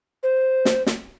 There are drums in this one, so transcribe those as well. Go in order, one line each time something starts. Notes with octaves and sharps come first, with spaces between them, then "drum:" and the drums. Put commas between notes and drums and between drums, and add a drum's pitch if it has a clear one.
C5
drum: snare
drum: snare